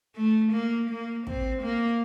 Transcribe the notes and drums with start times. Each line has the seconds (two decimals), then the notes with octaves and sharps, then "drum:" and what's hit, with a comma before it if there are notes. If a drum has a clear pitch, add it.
0.16 A3
0.52 A#3
0.90 A#3
1.27 C4, drum: kick
1.63 A#3